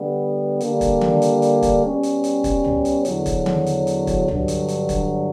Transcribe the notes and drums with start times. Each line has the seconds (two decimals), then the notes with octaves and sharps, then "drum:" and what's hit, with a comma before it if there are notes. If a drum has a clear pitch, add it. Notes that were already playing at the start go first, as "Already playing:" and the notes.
Already playing: D3 G3 B3
0.61 D3 G3 A#3 D4, drum: hi-hat
0.81 drum: kick, hi-hat
1.01 drum: tom D#3
1.22 drum: hi-hat
1.42 drum: hi-hat
1.63 drum: kick, hi-hat
1.82 B2 G3 C#4
2.03 drum: hi-hat
2.24 drum: hi-hat
2.44 drum: kick, hi-hat
2.64 drum: tom
2.85 drum: hi-hat
3.05 E2 D3 F#3, drum: hi-hat
3.26 drum: kick, hi-hat
3.46 drum: tom D#3
3.66 drum: hi-hat
3.87 drum: hi-hat
4.07 drum: kick, hi-hat
4.28 G2 D3 F#3, drum: tom
4.48 drum: hi-hat
4.68 drum: hi-hat
4.89 drum: kick, hi-hat